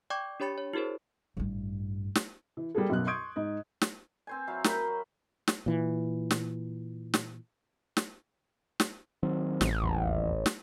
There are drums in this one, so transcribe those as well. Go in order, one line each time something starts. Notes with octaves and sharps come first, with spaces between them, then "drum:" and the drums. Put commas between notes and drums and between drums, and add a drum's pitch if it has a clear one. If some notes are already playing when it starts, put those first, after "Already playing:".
D5 G5 C#6 D6 G6 G#6
D4 G4 C#5 B5 A6 C#7
C#5
E4 F#4 G#4 A#4 C5
A1 G2
drum: snare
E3
G3 A#3 G#4 A4
B1 F#2 B2 F#6
C6 C#6 D#6 G6 G#6 D7
G#2 D#5
drum: snare
C4 C5 G#5
F#3 E4 F5
A#4 G5 B5, drum: snare
F#3
drum: snare
A#2 E3
drum: snare
drum: snare
drum: snare
drum: snare
D#3 F#3 C4
A1, drum: snare
D#1 A#1 E2
drum: snare